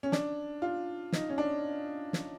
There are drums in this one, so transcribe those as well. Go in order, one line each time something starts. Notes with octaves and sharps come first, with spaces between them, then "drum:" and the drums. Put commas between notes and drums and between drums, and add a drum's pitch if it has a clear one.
C#4
D4, drum: snare
F4
D#4, drum: snare
C#4
D4
drum: snare